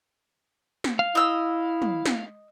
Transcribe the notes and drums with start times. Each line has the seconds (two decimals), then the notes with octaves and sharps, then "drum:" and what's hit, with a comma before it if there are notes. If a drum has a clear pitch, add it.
0.84 drum: snare
0.99 F5
1.15 E4 D#5 E6
1.82 drum: tom
2.06 drum: snare